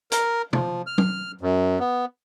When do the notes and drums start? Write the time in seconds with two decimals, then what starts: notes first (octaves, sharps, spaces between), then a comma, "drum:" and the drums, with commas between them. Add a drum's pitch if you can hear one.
0.12 A#4, drum: hi-hat
0.53 F3, drum: tom C3
0.87 F6
0.98 drum: tom
1.41 F#2
1.80 B3